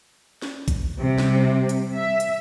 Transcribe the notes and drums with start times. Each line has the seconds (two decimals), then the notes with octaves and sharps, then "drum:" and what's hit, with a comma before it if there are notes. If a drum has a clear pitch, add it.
0.42 drum: snare
0.68 drum: kick A#1, hi-hat
0.98 C3 G3
1.18 drum: snare
1.69 drum: hi-hat
1.95 E5
2.20 drum: hi-hat